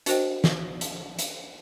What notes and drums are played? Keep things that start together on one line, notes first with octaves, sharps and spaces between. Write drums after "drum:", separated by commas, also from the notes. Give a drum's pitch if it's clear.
D4 F#4 A#4 C5 D#5 G5, drum: hi-hat
drum: snare
drum: hi-hat
drum: hi-hat